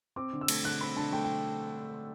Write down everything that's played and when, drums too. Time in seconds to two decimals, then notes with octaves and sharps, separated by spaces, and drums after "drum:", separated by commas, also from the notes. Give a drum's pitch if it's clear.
0.16 C4 D6
0.33 D3
0.41 E6
0.48 A3, drum: cymbal
0.64 D3 F#6
0.81 C4 B5
0.97 D3 A5
1.12 A3 G5
1.24 G5